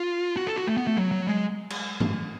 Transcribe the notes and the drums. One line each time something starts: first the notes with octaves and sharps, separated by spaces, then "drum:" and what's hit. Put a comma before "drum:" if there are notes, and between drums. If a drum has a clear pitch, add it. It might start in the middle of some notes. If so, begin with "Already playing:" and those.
Already playing: F4
F#4
A4
F#4
A3
B3
A3
F#3
F#3
G#3
drum: cymbal
drum: tom